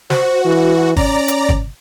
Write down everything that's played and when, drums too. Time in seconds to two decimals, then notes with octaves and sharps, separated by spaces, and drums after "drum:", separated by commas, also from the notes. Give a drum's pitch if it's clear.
0.10 F#4 C5, drum: snare
0.45 E3
0.97 C#4 D5 A#5, drum: kick
1.28 drum: hi-hat
1.49 drum: kick